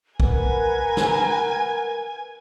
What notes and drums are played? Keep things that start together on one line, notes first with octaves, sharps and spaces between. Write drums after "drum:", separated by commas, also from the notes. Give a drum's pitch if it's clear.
A#4 B4 F#5 G#5, drum: kick
drum: snare